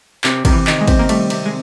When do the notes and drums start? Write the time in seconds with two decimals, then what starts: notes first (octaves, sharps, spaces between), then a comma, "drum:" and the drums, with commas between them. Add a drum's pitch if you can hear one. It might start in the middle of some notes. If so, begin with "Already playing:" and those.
0.24 C3, drum: clap
0.45 C3 D#3, drum: kick, cymbal
0.52 E3
0.67 D#3, drum: clap
0.81 G#3
0.88 C4, drum: kick, cymbal
0.99 A#3
1.09 G3 A3, drum: cymbal
1.30 C3, drum: cymbal
1.45 G#3